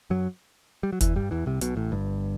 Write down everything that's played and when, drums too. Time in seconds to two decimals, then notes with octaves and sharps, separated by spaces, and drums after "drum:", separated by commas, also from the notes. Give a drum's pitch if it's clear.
0.10 F#2 F#3
0.83 G3
0.93 F#3
1.01 E2 E3, drum: kick F1, hi-hat
1.16 G2 G3
1.31 E2 E3
1.46 C2 C3
1.61 B1 B2, drum: hi-hat
1.76 A1 A2
1.92 G1 G2